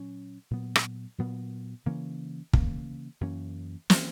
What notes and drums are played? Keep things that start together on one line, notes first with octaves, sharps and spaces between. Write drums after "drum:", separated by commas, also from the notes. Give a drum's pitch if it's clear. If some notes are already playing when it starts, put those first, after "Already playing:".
Already playing: A#2 F#3 C#4
A#2 F#3 B3
drum: rim click
A#2 F#3 B3
C#3 E3 A#3 C#4
C#3 E3 A#3 C#4, drum: kick
F#2 E3 A#3 C#4
E3 A#3 C#4, drum: snare